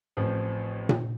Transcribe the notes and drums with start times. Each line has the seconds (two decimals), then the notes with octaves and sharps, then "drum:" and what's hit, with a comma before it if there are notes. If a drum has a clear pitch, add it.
0.17 A1 A2 F3 C4
0.89 drum: tom A#2